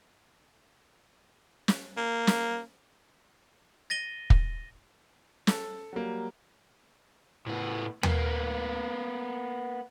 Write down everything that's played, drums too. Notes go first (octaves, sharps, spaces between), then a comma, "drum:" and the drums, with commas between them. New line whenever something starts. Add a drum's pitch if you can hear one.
drum: snare
A#3
drum: snare
A6 A#6 D#7 G7
drum: kick
A4, drum: snare
F#3 G3 A#3
A2 B3
A#3 B3, drum: tom D#2